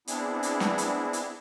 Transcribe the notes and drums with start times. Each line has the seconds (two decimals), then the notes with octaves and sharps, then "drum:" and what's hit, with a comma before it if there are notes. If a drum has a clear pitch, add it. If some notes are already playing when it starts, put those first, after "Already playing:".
0.07 B3 C4 D4 E4 G#4, drum: hi-hat
0.43 drum: hi-hat
0.60 drum: snare
0.78 drum: hi-hat
1.13 drum: hi-hat